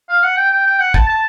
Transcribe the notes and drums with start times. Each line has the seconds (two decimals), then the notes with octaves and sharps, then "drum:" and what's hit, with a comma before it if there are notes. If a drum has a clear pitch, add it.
0.09 F5
0.23 F#5
0.37 G5
0.52 G5
0.66 G5
0.80 F#5
0.94 A5, drum: kick
1.08 A5